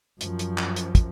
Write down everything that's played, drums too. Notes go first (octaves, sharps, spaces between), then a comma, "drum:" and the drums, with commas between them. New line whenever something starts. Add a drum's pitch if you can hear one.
F#2 F3, drum: hi-hat
drum: hi-hat
drum: clap
drum: hi-hat
drum: kick, hi-hat